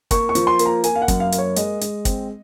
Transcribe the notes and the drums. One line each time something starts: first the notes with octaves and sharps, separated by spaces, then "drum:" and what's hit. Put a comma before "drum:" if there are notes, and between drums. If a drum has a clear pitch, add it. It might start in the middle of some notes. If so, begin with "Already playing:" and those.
A#3 C#6, drum: kick, hi-hat
C#6
F3, drum: hi-hat
C6
A#3, drum: hi-hat
A#5
A#3 G#5, drum: hi-hat
F5
F#5
F#2, drum: kick, hi-hat
F5
A#3, drum: hi-hat
C#5
G#3 D#5, drum: hi-hat
G#3, drum: hi-hat
C4, drum: kick, hi-hat